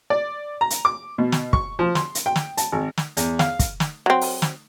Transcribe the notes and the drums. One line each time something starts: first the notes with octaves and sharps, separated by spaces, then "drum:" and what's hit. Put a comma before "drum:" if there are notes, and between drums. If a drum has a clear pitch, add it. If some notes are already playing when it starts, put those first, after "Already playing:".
D5
A#5
drum: hi-hat
D6
B2
drum: snare
C#6, drum: kick
F3
C6, drum: snare
drum: hi-hat
G5
drum: snare
A5, drum: hi-hat
G#1
drum: snare
E2, drum: hi-hat
F5, drum: snare
drum: kick, hi-hat
drum: snare
F#3 C4
drum: open hi-hat
drum: snare